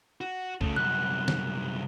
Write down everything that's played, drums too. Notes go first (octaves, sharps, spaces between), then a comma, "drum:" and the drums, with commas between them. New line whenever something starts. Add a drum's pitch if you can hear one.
F#4
C#3 A3, drum: kick
C2 F#2 F#6
drum: snare